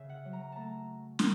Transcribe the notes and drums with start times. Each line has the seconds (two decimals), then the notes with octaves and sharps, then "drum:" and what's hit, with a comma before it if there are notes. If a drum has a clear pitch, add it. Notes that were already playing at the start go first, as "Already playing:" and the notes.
Already playing: C#3 E5
0.09 F#5
0.25 F#3
0.33 A#5
0.52 A3 A5 A#5
1.19 drum: snare